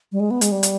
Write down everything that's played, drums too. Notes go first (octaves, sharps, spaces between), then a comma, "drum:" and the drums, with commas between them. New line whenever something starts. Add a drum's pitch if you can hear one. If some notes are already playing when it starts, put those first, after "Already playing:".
G3
G#3
B3
G#3, drum: hi-hat
G3
drum: hi-hat